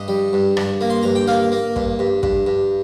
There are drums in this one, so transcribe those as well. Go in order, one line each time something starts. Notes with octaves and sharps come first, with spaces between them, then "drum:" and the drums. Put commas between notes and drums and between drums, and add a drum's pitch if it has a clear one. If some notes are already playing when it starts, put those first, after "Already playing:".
Already playing: G2 D#5
G3
G2
G2, drum: rim click
A#3
C6
G2 A#5
G5
A#3 F5
A#3
G2, drum: kick
G2
G2, drum: kick
G2